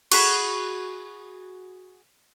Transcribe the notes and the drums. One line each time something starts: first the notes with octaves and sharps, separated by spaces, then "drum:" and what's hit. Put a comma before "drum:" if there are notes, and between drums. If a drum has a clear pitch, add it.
F#4 G#4 B5, drum: cymbal